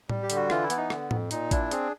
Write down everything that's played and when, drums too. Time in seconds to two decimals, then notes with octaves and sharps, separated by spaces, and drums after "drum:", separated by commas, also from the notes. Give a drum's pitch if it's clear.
0.09 G3, drum: tom A2
0.23 G4
0.30 D3, drum: hi-hat
0.36 F#4
0.50 E3 F4, drum: rim click
0.63 E4
0.70 B3, drum: hi-hat
0.77 D#4
0.90 D3, drum: rim click
1.11 F2, drum: tom A2
1.31 A#2 D#4, drum: hi-hat
1.51 D4 E4, drum: kick A1, hi-hat
1.71 C4 G#4, drum: hi-hat